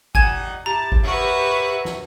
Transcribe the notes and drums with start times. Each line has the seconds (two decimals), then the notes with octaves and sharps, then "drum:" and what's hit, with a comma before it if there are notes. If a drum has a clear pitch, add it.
0.15 G3 D#4 F#5 G#5 G#6 E7, drum: kick G#1
0.66 E4 G4 A5 A#5
0.92 drum: kick G#1
1.03 F#4 A#4 B4 C#5 E5
1.85 drum: snare